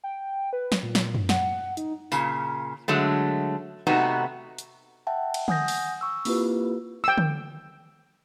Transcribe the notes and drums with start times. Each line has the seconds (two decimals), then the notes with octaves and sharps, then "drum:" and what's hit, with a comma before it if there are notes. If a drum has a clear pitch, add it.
0.04 G5
0.53 B4
0.72 drum: snare
0.83 A#2
0.95 drum: snare
1.15 drum: tom F#2
1.29 F#5, drum: snare
1.77 D#4, drum: hi-hat
2.12 A#2 C#3, drum: tambourine
2.88 D3 F#3 G#3 A3
3.87 C3 A3 B3 D#4 F#4
4.58 drum: hi-hat
5.07 E5 F#5 G5 A5
5.34 drum: cymbal
5.48 F#5 G#5 D#6 G6 A#6, drum: tom D3
5.68 drum: open hi-hat
6.01 C#6 E6
6.25 A#3 C4 E4 F4 G4 B4, drum: open hi-hat
7.04 G5 E6
7.18 drum: tom D3